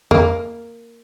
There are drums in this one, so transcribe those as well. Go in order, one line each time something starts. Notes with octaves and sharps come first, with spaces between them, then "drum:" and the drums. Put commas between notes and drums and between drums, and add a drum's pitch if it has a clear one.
A#3, drum: tom